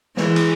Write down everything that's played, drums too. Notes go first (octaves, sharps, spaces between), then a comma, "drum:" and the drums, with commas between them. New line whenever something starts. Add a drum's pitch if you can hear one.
E3 G#3, drum: snare
drum: cymbal